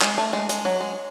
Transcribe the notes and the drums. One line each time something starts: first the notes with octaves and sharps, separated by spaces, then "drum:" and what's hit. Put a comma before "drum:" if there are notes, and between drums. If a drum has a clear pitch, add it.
G#3, drum: clap
A3
G#3
G#3, drum: hi-hat
F#3
G#3